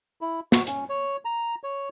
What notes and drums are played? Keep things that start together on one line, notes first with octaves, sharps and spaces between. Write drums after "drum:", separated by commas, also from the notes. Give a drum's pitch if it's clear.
E4
F#4, drum: snare
C#4, drum: hi-hat
C#5
A#5
C#5